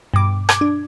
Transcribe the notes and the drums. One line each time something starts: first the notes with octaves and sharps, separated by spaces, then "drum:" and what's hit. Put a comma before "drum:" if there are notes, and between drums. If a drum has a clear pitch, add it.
G2 B2 D6
D6 G#6, drum: rim click
D4